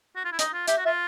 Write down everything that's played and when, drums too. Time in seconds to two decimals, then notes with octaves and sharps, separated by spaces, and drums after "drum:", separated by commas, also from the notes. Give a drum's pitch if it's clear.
0.16 F#4
0.24 F4
0.32 E4
0.39 D#4 D#5, drum: hi-hat
0.53 F4
0.68 G4 E5, drum: hi-hat
0.78 F#4
0.85 F4 E5